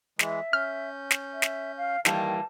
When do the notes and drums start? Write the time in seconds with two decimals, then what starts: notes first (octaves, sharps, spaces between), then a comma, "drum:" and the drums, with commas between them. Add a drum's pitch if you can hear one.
0.19 E3 G#3 E5, drum: snare
0.53 C#4 F6 G6
1.11 drum: snare
1.33 E5
1.42 drum: snare
1.77 F5
2.05 D#3 E3 G3 A#3 A5, drum: snare